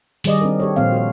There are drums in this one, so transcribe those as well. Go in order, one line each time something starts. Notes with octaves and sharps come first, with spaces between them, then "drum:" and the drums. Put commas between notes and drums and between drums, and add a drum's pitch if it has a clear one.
D#3 G3 G#4 D5 D#5, drum: open hi-hat
C4 D4 A#4
G4 A4 C#5
A#2 F3 C4 F5
F#4 A4 C#5